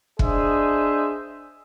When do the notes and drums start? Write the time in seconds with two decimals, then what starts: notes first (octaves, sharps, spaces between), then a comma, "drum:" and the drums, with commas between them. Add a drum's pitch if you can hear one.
0.19 D4 G#4 C5 D#5 E5, drum: kick